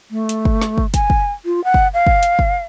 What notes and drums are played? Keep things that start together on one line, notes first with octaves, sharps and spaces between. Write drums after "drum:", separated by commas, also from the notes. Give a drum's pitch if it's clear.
A3
drum: hi-hat
drum: kick
drum: snare
drum: kick
G#5, drum: kick, hi-hat
drum: kick
F4
F#5
drum: kick
F5
drum: kick
drum: hi-hat
drum: kick